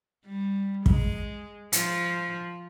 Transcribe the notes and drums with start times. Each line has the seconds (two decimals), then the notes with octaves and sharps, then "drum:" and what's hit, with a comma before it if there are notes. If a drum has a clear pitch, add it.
0.26 G3
0.86 G#3, drum: kick
1.72 F3, drum: hi-hat